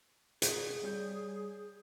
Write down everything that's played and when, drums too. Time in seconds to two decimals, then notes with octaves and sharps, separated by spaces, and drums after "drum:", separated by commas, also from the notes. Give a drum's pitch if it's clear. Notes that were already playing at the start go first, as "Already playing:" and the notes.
0.42 G#4, drum: hi-hat
0.82 G3 C#5 G6